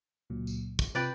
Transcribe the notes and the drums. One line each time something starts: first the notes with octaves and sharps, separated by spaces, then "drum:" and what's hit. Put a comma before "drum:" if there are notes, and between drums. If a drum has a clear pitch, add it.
C#2 A#2 F#3
drum: tambourine
drum: kick, tambourine
C3 F4 B4 D5 G5 F#6, drum: tambourine